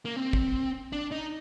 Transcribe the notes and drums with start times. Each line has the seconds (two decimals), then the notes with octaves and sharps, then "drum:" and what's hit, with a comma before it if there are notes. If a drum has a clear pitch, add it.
0.05 A#3
0.16 C4
0.33 drum: kick
0.92 D4
1.11 D#4